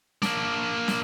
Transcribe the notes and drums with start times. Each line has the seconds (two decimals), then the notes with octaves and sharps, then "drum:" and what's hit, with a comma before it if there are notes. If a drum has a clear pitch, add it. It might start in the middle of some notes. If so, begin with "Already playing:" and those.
0.22 A#3 D4, drum: snare
0.88 drum: snare